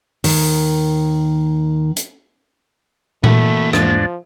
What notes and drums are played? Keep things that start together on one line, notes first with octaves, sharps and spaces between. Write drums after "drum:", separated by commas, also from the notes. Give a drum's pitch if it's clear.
D#2 D#3, drum: open hi-hat
drum: hi-hat
E3 A3 A#3 F#4 B5, drum: tom A#2
E2 G#2 F3 D4, drum: rim click